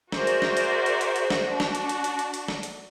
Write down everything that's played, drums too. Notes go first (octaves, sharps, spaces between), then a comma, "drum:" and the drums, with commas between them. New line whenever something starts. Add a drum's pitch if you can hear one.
F#4 G#4 A#4 C5 D5 E5, drum: snare
drum: hi-hat
drum: snare
drum: hi-hat
drum: hi-hat
drum: hi-hat
drum: hi-hat
drum: snare
D4 F#4
drum: snare
drum: hi-hat
drum: hi-hat
drum: hi-hat
drum: hi-hat
drum: hi-hat
drum: snare
drum: hi-hat